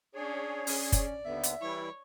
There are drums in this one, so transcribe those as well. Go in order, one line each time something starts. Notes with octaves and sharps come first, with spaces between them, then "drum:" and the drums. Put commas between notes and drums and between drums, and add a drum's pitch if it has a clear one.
C#4 D4 G#4 C#5
C#4 D5, drum: open hi-hat
drum: kick F#1, hi-hat
D#2 D3 B3 E5
drum: hi-hat
E3 G3 E4 C#5